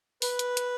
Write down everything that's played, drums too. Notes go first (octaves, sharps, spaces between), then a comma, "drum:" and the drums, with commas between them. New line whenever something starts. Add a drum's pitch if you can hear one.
B4, drum: open hi-hat
drum: hi-hat
drum: hi-hat